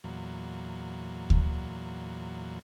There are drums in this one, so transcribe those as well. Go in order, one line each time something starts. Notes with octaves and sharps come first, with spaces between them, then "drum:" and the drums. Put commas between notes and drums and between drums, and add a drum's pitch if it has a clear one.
E2 A#2 F#3
drum: kick D2